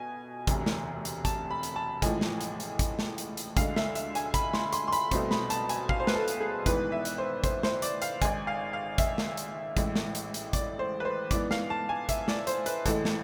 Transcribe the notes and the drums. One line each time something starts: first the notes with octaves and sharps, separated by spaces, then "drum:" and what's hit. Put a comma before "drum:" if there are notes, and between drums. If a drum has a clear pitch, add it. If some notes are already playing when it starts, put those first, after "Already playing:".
Already playing: B2 G#5
E1 D2 C3, drum: kick, hi-hat
drum: snare
drum: hi-hat
A5, drum: kick, hi-hat
B5
drum: hi-hat
A5
A1 A2 F3 G#3 G#5, drum: kick, hi-hat
drum: snare
drum: hi-hat
drum: hi-hat
drum: kick, hi-hat
drum: snare
drum: hi-hat
drum: hi-hat
D2 D3 G#3 F5, drum: kick, hi-hat
E5, drum: snare
E5, drum: hi-hat
G#5, drum: hi-hat
B5, drum: kick, hi-hat
C6, drum: snare
C6, drum: hi-hat
C6
B5, drum: hi-hat
C2 B2 A3 C4 C6, drum: kick, hi-hat
B5, drum: snare
A5, drum: hi-hat
G#5, drum: hi-hat
F5, drum: kick
C5
B4, drum: snare
A4
drum: hi-hat
G#4
G#1 G#2 E3 B3 B4, drum: kick, hi-hat
E5
drum: hi-hat
C5
C5, drum: kick, hi-hat
C5, drum: snare
D5, drum: hi-hat
F5, drum: hi-hat
G#1 G#2 G#3 G#5, drum: kick, hi-hat
F5
F5
E5, drum: kick, hi-hat
drum: snare
drum: hi-hat
A1 A2 G#3, drum: kick, hi-hat
drum: snare
drum: hi-hat
drum: hi-hat
D5, drum: kick, hi-hat
C5
B4
C5
G#2 E3 B3 D5, drum: kick, hi-hat
F5, drum: snare
A5
G#5
E5, drum: kick, hi-hat
D5, drum: snare
C5, drum: hi-hat
B4, drum: hi-hat
A1 A2 G#3 A4, drum: kick, hi-hat
drum: snare